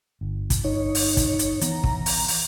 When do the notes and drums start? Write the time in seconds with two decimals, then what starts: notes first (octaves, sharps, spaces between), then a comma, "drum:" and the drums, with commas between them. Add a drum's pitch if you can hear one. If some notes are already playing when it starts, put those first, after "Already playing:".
0.21 G1
0.50 drum: kick, hi-hat
0.64 D#4 C#5
0.95 drum: open hi-hat
1.17 drum: kick, hi-hat
1.39 drum: hi-hat
1.61 E3 B3 A#5, drum: hi-hat
1.84 drum: kick
2.06 drum: open hi-hat
2.28 drum: open hi-hat